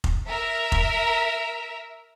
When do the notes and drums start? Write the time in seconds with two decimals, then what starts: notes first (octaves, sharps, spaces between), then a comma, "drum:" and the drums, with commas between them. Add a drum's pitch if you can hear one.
0.04 drum: kick F1
0.25 A#4 E5
0.72 drum: kick F1